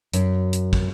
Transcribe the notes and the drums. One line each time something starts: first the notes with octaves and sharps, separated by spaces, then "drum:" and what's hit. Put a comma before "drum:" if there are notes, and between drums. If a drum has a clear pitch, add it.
F#2, drum: hi-hat
drum: hi-hat
drum: kick